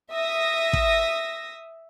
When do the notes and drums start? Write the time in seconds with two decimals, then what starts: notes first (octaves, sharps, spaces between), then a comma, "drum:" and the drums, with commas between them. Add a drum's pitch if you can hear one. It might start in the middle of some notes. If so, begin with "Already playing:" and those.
0.13 E5 D#6 A#6
0.73 drum: kick